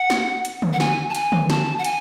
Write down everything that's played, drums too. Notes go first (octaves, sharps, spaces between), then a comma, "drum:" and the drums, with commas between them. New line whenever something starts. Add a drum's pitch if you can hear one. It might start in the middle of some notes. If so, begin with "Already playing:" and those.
Already playing: F#5
drum: snare
drum: hi-hat
drum: tom D3
F#5
G#5, drum: snare
A5
G#5, drum: hi-hat
drum: tom D3
A5, drum: snare
F#5
G#5, drum: hi-hat